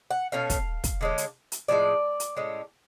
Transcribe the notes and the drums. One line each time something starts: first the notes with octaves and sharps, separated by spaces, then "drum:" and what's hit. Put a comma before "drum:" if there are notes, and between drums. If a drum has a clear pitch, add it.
F#5
B2 A3 C#4 F5
drum: kick, hi-hat
drum: kick, hi-hat
D3 G#3 C#4
drum: hi-hat
drum: hi-hat
A2 F3 G#3 D5
drum: hi-hat
A2 G#3 C#4